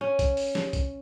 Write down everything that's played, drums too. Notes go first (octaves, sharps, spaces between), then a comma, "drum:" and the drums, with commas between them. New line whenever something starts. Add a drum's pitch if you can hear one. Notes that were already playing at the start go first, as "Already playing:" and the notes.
C#4
drum: kick B1, hi-hat
drum: open hi-hat
drum: snare
drum: kick B1, hi-hat